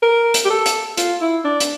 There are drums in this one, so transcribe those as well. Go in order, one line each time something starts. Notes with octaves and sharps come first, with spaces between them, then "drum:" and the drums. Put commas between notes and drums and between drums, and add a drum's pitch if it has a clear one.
A#4
drum: hi-hat
G4
A4
drum: hi-hat
F4, drum: hi-hat
E4
D4
drum: hi-hat